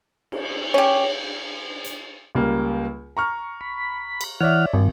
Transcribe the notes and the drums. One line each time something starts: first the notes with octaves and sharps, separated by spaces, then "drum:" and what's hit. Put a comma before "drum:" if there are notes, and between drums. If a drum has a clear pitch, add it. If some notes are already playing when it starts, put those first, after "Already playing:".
drum: cymbal
C#4 G4 C#5
drum: hi-hat
C#2 G3 A#3
A#5 C#6 F6
B5
drum: cymbal
E3 C#5 D5 E5 F#5 F6
G#1 G2